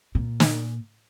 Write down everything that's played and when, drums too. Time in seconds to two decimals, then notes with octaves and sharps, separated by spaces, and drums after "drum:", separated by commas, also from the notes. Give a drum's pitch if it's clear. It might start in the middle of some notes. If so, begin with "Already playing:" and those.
0.15 A#2
0.40 drum: snare